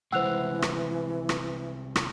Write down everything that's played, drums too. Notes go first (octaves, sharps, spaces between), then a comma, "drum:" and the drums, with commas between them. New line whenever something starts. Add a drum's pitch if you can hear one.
C2 E3 G#3 C5 F#5 E6 F#6 F7
drum: rim click
drum: rim click
drum: rim click